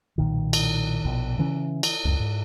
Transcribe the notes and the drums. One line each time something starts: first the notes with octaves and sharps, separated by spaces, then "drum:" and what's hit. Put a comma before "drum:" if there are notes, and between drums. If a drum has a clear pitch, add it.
B1 A#2 D#3
drum: cymbal
A#1 B2
C#3 E3 C#4
drum: cymbal
C#2 F#2
G#2